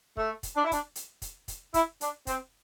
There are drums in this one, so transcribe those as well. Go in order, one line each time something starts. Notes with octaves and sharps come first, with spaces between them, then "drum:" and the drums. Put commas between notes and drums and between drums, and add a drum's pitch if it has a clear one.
A3, drum: kick
drum: kick, hi-hat
D4
E4
D4, drum: kick, hi-hat
drum: hi-hat
drum: kick, hi-hat
drum: kick, hi-hat
E4, drum: kick, hi-hat
D4, drum: hi-hat
C4, drum: kick, hi-hat